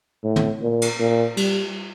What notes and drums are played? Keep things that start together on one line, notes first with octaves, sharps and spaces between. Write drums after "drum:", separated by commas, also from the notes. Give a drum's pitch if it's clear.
A2
drum: tom
A#2
drum: cymbal
A#2
G3, drum: cymbal